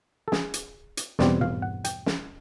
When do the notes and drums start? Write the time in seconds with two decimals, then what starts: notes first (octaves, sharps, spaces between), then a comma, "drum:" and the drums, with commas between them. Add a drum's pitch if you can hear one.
0.28 A4
0.32 G#4, drum: snare
0.54 drum: hi-hat
0.97 drum: hi-hat
1.19 E2 B2 G3 C4 D5, drum: snare
1.41 F5, drum: tom
1.62 F#5
1.84 G5, drum: hi-hat
2.06 drum: snare